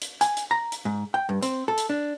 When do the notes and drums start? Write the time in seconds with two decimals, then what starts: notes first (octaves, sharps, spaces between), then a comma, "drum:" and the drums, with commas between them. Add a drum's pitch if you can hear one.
0.02 drum: hi-hat
0.21 G#5, drum: hi-hat
0.37 drum: hi-hat
0.51 A#5
0.72 drum: hi-hat
0.85 G#2
1.14 G5
1.29 G2
1.43 C4, drum: hi-hat
1.68 A4
1.78 drum: hi-hat
1.90 D4